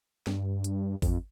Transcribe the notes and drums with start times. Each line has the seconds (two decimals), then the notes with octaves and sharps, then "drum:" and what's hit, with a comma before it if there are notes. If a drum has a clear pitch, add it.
0.27 G2, drum: snare
0.64 drum: hi-hat
1.02 F2, drum: kick G#1, open hi-hat